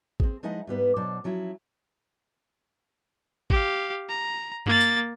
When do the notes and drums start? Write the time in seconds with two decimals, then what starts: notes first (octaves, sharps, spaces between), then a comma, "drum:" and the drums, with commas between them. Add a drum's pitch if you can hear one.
0.20 C4 G#4, drum: kick A1
0.43 F3 G#3 D#4 E4 D#5 F#5
0.67 G#2 G3 B3 B4
0.96 B2 F#3 D4 C5 D5 F#5
1.24 F3 F#3 C#4 E4
3.50 G4 F5, drum: kick A1
4.09 A#5
4.66 A#3 A6, drum: tom F#2
4.81 drum: tambourine